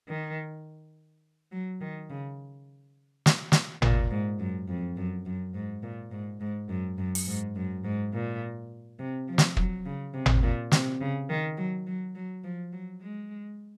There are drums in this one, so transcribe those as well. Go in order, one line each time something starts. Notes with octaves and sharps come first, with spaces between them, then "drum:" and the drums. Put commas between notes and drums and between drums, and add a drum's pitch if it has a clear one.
D#3
F#3
D#3
C#3
drum: snare
drum: snare
A#2, drum: tom G#1
G#2
F#2
F2
F#2
F#2
G#2
A#2
G#2
G#2
F#2
F#2
drum: open hi-hat
G#2
F#2
G#2
A#2
C3
F3
drum: snare
F#3, drum: kick
C#3
C3
drum: tom G#1
A#2
C3, drum: snare
C#3
D#3
F#3
F#3
F#3
F3
F#3
G#3